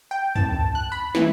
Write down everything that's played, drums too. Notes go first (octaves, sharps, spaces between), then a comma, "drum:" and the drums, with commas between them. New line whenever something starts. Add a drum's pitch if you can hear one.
G5
A5, drum: tom
F#6
B5
E3, drum: snare